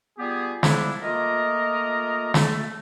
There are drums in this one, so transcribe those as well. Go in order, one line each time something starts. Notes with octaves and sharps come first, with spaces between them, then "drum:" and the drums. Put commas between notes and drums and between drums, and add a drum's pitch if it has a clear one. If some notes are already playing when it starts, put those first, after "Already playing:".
G3 B3 F4 G4 G#4
F3 G3 B3 D4 E4, drum: snare
A3 A#3 F4 A#4 D#5
A3, drum: snare